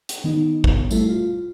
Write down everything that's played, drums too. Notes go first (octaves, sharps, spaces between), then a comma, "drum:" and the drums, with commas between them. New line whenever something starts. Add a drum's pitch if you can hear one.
drum: hi-hat
D#3 B3 D#4
drum: kick
G3 A3 E4 A4, drum: tambourine
F4